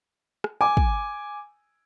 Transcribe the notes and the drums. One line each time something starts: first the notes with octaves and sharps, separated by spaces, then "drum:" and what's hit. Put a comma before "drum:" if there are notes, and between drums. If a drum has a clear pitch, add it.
drum: rim click
G#5 D6
drum: kick